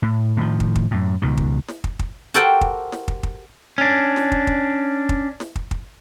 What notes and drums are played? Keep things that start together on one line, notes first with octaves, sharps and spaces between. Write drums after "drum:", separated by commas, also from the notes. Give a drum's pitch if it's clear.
A2
A2 D#3 F3
drum: kick
drum: kick
F#2 A2
C#2 B2 D#3
drum: kick
drum: snare
drum: kick
drum: kick
F#4 G4 A4 A#4 C5 G5
drum: kick
drum: snare
drum: kick
drum: kick
C#4 D4
drum: snare
drum: kick
drum: kick
drum: kick
drum: snare
drum: kick
drum: kick